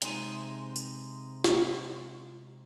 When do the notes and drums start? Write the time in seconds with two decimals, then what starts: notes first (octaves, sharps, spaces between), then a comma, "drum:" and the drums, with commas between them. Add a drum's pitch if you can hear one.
0.02 C3 G#3 D#4 C5 G#5, drum: hi-hat
0.76 drum: tambourine
1.44 drum: snare